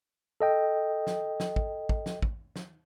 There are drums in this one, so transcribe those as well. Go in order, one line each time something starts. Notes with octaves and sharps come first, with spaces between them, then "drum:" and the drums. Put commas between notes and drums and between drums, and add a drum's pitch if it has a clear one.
A4 D#5 G5
drum: snare
drum: snare
drum: kick
drum: kick
drum: snare
drum: kick
drum: snare